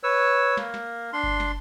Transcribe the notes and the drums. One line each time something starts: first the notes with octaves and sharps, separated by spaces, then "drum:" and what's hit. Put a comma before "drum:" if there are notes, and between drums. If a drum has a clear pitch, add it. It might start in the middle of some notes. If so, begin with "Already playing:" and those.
B4 C#5 E6
A#3, drum: snare
drum: snare
D4 C6
drum: kick G1
drum: snare